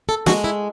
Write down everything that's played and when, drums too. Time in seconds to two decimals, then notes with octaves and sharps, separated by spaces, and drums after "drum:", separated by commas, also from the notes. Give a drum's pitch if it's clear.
0.09 A4
0.26 G#3 F#4, drum: snare
0.44 E4